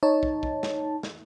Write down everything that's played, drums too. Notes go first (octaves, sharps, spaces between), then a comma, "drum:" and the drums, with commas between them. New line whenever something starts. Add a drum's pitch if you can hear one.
D#4 C#5 A5
drum: kick
drum: kick
drum: snare
drum: snare